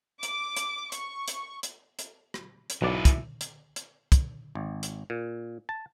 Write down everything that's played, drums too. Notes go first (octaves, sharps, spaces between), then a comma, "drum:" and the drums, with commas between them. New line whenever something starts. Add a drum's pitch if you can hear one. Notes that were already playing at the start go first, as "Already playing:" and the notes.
D6, drum: hi-hat
drum: hi-hat
C#6, drum: hi-hat
drum: hi-hat
drum: hi-hat
drum: hi-hat
drum: rim click
drum: hi-hat
B1 F#3 E4 D5
drum: kick, hi-hat
drum: hi-hat
drum: hi-hat
drum: kick, hi-hat
G#1
drum: hi-hat
A#2
A5